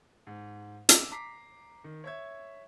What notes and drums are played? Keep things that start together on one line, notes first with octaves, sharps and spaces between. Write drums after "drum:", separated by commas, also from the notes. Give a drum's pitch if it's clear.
G#2
D6 E6, drum: hi-hat
A#5 D6 B6 C7
D#3
C#5 E5 G#6